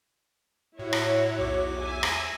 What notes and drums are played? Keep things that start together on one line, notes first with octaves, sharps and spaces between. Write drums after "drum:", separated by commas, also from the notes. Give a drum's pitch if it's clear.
A2 E4 F#4 C#5
drum: rim click
B1 E2 D6
E5 G#5
drum: rim click